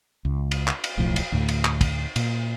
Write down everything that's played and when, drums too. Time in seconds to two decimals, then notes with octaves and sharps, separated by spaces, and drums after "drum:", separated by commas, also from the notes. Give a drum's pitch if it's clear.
0.25 C#2
0.51 drum: cymbal
0.68 drum: clap
0.84 drum: cymbal
0.97 D1 B1 A2 F3
1.16 drum: cymbal
1.32 D2 A2
1.48 drum: cymbal
1.65 drum: clap
1.81 drum: kick, cymbal
2.16 A#2, drum: cymbal